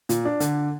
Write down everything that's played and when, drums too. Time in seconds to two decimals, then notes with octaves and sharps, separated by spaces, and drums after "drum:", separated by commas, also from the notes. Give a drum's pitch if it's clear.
0.09 A#2, drum: hi-hat
0.25 D4
0.40 D3, drum: hi-hat